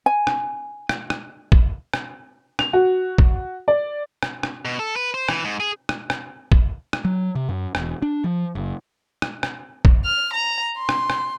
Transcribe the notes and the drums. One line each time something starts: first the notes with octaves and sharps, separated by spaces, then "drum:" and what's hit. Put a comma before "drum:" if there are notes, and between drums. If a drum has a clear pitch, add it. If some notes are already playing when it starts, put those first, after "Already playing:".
G#5
drum: rim click
drum: rim click
drum: rim click
drum: kick
drum: rim click
F7, drum: rim click
F#4
drum: kick
D5
drum: rim click
drum: rim click
B2
A4
B4
C5
E3, drum: rim click
G#2
G#4
drum: rim click
drum: rim click
drum: kick
drum: rim click
F#3
C3
F#2
E1, drum: rim click
D4
F3
F#1
drum: rim click
drum: rim click
drum: kick
F6
A#5
C6
drum: rim click
drum: rim click